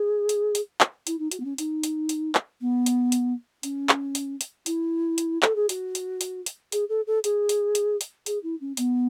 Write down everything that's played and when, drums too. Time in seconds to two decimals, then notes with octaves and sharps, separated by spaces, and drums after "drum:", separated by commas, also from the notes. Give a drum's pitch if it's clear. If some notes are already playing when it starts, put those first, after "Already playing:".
Already playing: G#4
0.29 drum: hi-hat
0.55 drum: hi-hat
0.81 drum: clap
1.07 E4, drum: hi-hat
1.19 D#4
1.31 F#4, drum: hi-hat
1.40 B3
1.44 C#4
1.58 D#4, drum: hi-hat
1.83 drum: hi-hat
2.09 drum: hi-hat
2.35 drum: clap
2.61 B3
2.86 drum: hi-hat
3.12 drum: hi-hat
3.63 C#4, drum: hi-hat
3.89 drum: clap
4.15 drum: hi-hat
4.41 drum: hi-hat
4.66 E4, drum: hi-hat
5.18 drum: hi-hat
5.43 A4, drum: clap
5.55 G#4
5.69 F#4, drum: hi-hat
5.95 drum: hi-hat
6.21 drum: hi-hat
6.46 drum: hi-hat
6.72 G#4, drum: hi-hat
6.89 A4
7.07 A4
7.24 G#4, drum: hi-hat
7.49 drum: hi-hat
7.75 drum: hi-hat
8.01 drum: hi-hat
8.26 G#4, drum: hi-hat
8.43 E4
8.61 C#4
8.77 B3, drum: hi-hat